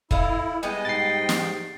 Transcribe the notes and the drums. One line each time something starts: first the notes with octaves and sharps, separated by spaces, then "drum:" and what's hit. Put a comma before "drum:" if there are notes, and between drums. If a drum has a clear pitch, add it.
E4 A4 D#5 F5, drum: kick
G3 G#3 B3 D#5 G#5
G#2 G5 A6 C7
drum: snare